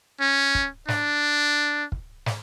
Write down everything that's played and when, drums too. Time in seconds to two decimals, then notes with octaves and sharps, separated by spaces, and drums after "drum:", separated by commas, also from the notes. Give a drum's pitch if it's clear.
0.20 C#4
0.55 drum: kick
0.88 D4, drum: snare
1.92 drum: kick
2.26 drum: snare